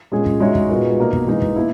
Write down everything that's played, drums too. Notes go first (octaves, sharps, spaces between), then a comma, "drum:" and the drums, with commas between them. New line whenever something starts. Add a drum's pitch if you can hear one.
A#2 G#3 C#4 G#4
drum: kick
G#3 D#4 F#4 C#5 E5
drum: kick
A#2 G#3 B3 F#4 A#4
B2 A#3 D#4 A#4 D#5
drum: kick
E3 G#3 D#4
drum: kick
A#3 E4